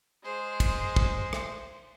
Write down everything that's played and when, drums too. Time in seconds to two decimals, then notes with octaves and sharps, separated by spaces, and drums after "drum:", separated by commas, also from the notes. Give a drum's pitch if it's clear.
0.24 G#3 C5
0.60 drum: kick, cymbal
0.96 drum: kick
1.33 drum: rim click